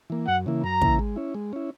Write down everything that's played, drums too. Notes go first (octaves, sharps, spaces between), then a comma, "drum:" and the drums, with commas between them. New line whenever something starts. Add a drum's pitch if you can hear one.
E3 A#3
F#2 F#5
C#3 E3 A#3 E4
F#2 A#5
C#3 E3 A#3 E4, drum: kick
G#3
C#4 E4
G#3
C#4 E4